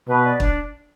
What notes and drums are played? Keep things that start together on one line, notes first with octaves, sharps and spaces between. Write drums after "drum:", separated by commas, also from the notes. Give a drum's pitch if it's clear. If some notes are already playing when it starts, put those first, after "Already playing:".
B2 B4
D5
D4, drum: kick